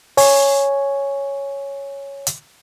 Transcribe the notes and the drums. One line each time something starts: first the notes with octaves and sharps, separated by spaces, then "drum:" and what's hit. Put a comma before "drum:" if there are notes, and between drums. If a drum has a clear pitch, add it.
C#5 G#5, drum: open hi-hat
drum: hi-hat